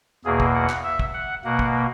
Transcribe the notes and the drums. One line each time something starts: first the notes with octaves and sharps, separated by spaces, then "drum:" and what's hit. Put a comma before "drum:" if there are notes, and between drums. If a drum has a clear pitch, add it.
E2 B2 A#3 G#4
drum: kick
F#5
drum: clap
E5
drum: kick
F#5
B2 A#3 F#5
drum: kick